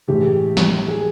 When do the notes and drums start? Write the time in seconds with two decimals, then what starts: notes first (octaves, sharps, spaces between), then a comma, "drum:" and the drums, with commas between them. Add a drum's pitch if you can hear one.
0.08 A2 E3 G#3 G4
0.57 drum: snare
0.88 G#4